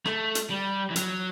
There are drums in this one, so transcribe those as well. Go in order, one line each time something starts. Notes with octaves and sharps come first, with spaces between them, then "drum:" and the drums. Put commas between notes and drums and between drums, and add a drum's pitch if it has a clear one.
A3, drum: rim click
drum: hi-hat
G3
E3
F#3, drum: hi-hat